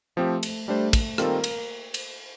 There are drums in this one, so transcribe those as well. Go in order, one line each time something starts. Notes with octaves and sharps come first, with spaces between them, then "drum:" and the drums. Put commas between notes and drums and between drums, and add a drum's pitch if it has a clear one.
F3 A3 C4 G4
drum: cymbal
G3 A3 D4 G4 C5
drum: kick, cymbal
D#3 G3 A#3 C4 F4 A4, drum: rim click
drum: cymbal
drum: cymbal